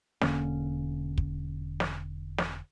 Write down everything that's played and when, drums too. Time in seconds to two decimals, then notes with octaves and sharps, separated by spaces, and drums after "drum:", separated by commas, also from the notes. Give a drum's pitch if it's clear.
0.21 E1 D3 A#3 C#4, drum: snare
1.18 drum: kick
1.80 drum: snare
2.38 drum: snare